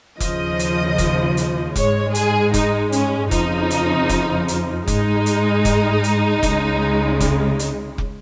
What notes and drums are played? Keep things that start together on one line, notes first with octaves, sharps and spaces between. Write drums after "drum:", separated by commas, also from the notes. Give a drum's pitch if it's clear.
D#2 C#3 F3 D#5, drum: kick F1, hi-hat
drum: hi-hat
drum: kick F1, hi-hat
drum: hi-hat
G#2 G#3 C#5, drum: kick F1, hi-hat
G#4, drum: hi-hat
D#4, drum: kick F1, hi-hat
C#4, drum: hi-hat
F2 C#3 F3 D#4, drum: kick F1, hi-hat
drum: hi-hat
drum: kick F1, hi-hat
drum: hi-hat
G#2 G#3 D#4, drum: kick F1, hi-hat
drum: hi-hat
drum: kick F1, hi-hat
drum: hi-hat
C#2 C#3 G#3, drum: kick F1, hi-hat
drum: kick F1, hi-hat
drum: hi-hat
drum: kick F1